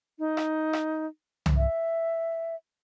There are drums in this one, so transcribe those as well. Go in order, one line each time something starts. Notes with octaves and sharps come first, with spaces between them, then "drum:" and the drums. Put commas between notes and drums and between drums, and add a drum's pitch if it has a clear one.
D#4
drum: rim click
drum: rim click
drum: tom C2
E5